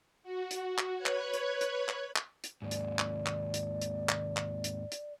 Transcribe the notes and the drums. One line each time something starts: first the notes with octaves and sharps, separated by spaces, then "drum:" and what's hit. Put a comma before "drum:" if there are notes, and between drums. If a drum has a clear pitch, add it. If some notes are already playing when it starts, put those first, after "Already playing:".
F#4
drum: hi-hat
drum: clap
B4 C#5 F#6 G#6
drum: clap
drum: hi-hat
drum: hi-hat
drum: clap
drum: clap
drum: hi-hat
D#2 G#2 D5
drum: hi-hat
drum: clap
drum: clap
drum: hi-hat
drum: hi-hat
drum: clap
drum: clap
drum: hi-hat
drum: hi-hat